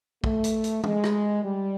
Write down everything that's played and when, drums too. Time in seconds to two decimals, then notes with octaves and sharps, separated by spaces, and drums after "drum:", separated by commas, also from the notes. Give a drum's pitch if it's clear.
0.24 A3, drum: kick
0.44 drum: hi-hat
0.64 drum: hi-hat
0.84 G#3, drum: tom
1.04 drum: rim click
1.44 G3